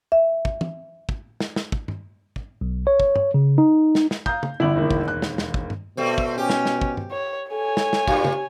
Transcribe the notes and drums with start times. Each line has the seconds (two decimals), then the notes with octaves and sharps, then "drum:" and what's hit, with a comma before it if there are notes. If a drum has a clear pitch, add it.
0.12 E5
0.45 drum: kick
0.61 drum: tom
1.09 drum: kick
1.40 drum: snare
1.56 drum: snare
1.72 drum: kick
1.88 drum: tom G2
2.36 drum: kick
2.61 B1
2.87 C#5
3.00 drum: kick
3.16 drum: tom
3.34 C#3
3.58 D#4
3.95 drum: snare
4.11 drum: snare
4.26 F5 A#5 D#6 G6, drum: kick
4.43 drum: tom
4.60 G1 D3 E4 F#7
4.75 E1 D#2 D#3
4.91 drum: kick
5.08 F#6
5.22 drum: snare
5.38 drum: snare
5.54 drum: kick
5.70 drum: tom G2
5.97 B2 G3 A3 C4
6.18 drum: kick
6.38 C#4 G4
6.50 drum: snare
6.66 drum: snare
6.81 drum: kick
6.97 drum: tom G2
7.11 C#5
7.51 A4 C#5 G#5
7.77 drum: snare
7.93 drum: snare
8.07 F#2 A#2 G4, drum: kick
8.25 drum: tom